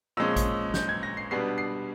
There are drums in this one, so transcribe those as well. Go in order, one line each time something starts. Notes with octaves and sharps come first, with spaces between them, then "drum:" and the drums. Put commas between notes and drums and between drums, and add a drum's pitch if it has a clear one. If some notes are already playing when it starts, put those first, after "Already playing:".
A#2 F3 G#3 C#4 E6
drum: kick A1, hi-hat
G6, drum: snare
G#6
A#6
C7
B2 G3 B3 D4 C7
C7